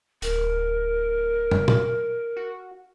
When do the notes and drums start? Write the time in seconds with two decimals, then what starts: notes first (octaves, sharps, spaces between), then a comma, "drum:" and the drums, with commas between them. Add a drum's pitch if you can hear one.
0.22 D1 A#4, drum: hi-hat
1.51 drum: tom
1.68 drum: tom
2.37 F#4